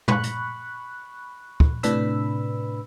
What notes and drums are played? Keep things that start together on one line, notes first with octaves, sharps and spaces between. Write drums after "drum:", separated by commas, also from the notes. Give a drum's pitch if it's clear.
B5 C#6 F#6, drum: tom
drum: hi-hat
drum: kick
A2 C3 D4 B4 B5 E6, drum: hi-hat